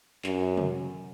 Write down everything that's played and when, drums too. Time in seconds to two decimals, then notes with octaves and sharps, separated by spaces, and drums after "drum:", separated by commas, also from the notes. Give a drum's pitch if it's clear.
0.24 F#2, drum: clap
0.57 drum: tom